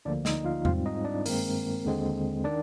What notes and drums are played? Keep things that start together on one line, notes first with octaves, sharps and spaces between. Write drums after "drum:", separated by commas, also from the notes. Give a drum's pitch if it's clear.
D2 D3 F3 A#3 D4 D5
D#4 D#5, drum: snare
F4 F5
G#2 G3 C4 F4 F5, drum: tom E2
D#4 D#5
D4 D5
G2 D#3 G#3 A#3 C4 A#4, drum: open hi-hat
D#2 D3 G#3 C4
D#3 D4 D5